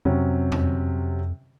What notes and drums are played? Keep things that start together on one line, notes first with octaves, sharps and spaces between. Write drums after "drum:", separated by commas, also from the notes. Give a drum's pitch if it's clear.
F2 C3 F#3 C#4
drum: tom E2